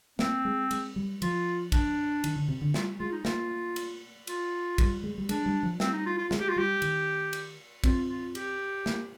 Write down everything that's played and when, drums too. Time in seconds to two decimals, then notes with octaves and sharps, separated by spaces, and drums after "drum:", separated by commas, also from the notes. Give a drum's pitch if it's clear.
0.19 A#3 C4, drum: snare
0.45 G#3
0.71 G#3, drum: cymbal
0.96 G3
1.22 F3 F4, drum: cymbal
1.72 D4, drum: kick, cymbal
2.24 D#3, drum: cymbal
2.36 D3
2.48 C3
2.61 D3
2.74 G3 F4, drum: snare
2.99 G#3 F4
3.12 D#4
3.25 A#3 F4, drum: snare
3.76 drum: cymbal
4.27 F4, drum: cymbal
4.78 G3, drum: kick, cymbal
5.04 G#3
5.18 G3
5.29 G#3 D4, drum: cymbal
5.46 G3
5.63 F3
5.80 G3 C4, drum: snare
5.93 D#4
6.06 F4
6.18 F4
6.31 G#3, drum: snare
6.40 G4
6.49 F4
6.56 G3 G4
6.82 D#3, drum: cymbal
7.33 drum: cymbal
7.84 C4 F4, drum: kick, cymbal
8.09 F4
8.35 G4, drum: cymbal
8.86 A#3, drum: snare